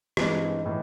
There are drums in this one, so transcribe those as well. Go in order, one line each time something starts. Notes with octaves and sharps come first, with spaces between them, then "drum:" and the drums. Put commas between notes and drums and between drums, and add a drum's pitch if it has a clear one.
G2 E3 G#3 C4 D#4, drum: rim click
A2 E3